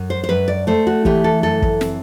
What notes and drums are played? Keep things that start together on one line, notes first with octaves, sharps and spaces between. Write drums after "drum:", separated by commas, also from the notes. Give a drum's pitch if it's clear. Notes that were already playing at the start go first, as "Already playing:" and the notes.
Already playing: F#2
C5
C5
F#2 B4
D5
A3 C5
F#4
E3 G4, drum: kick
A4
F#2 A4
drum: kick
C4, drum: snare